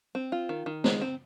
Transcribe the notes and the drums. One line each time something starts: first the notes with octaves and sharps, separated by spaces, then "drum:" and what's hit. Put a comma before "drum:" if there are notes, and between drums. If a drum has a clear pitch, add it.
C4
F4
D#3
D#3
G#3, drum: snare
C4